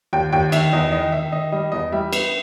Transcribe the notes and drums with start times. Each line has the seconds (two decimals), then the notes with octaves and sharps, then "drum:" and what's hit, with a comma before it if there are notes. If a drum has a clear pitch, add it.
0.13 D#2 G5
0.33 D#2 G5
0.52 D#3 E5, drum: cymbal
0.73 E2 D#5
0.92 D#3 D#5
1.12 D#3 E5
1.32 D#3 D#5
1.52 G3 D#5
1.72 E2 D#5
1.92 G3 E5
2.13 B3, drum: cymbal